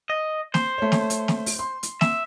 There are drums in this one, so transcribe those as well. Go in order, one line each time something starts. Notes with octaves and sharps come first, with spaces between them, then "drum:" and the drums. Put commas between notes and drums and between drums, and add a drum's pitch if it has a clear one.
D#5
C5, drum: snare
A3 C#5
drum: snare
drum: hi-hat
drum: snare
drum: open hi-hat
C6
drum: hi-hat
E5, drum: snare